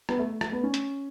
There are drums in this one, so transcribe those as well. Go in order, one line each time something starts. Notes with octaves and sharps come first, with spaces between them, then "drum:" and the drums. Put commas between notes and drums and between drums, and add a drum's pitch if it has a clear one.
B3, drum: rim click
A3
A3, drum: rim click
B3
C#4
drum: hi-hat